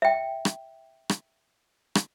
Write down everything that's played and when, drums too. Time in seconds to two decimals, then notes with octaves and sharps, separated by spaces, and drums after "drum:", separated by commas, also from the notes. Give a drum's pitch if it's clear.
0.02 E5 G5
0.45 drum: rim click
1.09 drum: rim click
1.95 drum: rim click